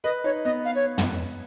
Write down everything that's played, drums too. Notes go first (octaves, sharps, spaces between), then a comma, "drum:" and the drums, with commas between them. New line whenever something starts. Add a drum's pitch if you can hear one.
B4 D#5
D#4 C#5
B3 D#5
F5
C#5
drum: tom